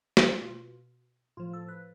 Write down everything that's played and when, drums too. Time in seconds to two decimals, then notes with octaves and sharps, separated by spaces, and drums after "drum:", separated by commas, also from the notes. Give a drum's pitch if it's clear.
0.17 F4, drum: snare
0.41 B2
1.37 A2 F3 F4
1.53 A4
1.68 B4